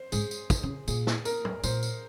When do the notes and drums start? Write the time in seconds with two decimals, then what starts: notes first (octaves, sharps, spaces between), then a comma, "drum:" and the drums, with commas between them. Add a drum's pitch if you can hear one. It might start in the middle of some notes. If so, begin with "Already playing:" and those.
Already playing: C5
0.12 G#2 G#4, drum: tambourine
0.31 drum: tambourine
0.50 drum: kick, tambourine
0.63 C#3
0.88 A#2 G#4, drum: tambourine
1.07 drum: snare
1.25 A#4, drum: tambourine
1.45 drum: tom
1.64 A#2 C5, drum: tambourine
1.83 drum: tambourine